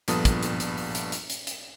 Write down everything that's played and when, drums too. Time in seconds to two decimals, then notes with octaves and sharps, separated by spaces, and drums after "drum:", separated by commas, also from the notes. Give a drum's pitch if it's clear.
0.08 A#1 G2 F3 B3 A4 D#6, drum: hi-hat
0.25 drum: kick, hi-hat
0.43 drum: hi-hat
0.60 drum: hi-hat
0.77 drum: open hi-hat
0.95 drum: hi-hat
1.12 drum: hi-hat
1.30 drum: hi-hat
1.47 drum: hi-hat